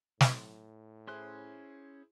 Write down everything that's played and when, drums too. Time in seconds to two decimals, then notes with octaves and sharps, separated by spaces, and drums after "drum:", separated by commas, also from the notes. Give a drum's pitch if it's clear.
0.21 A2, drum: snare
1.07 C#4 E4 G#4 C5 C6 F#6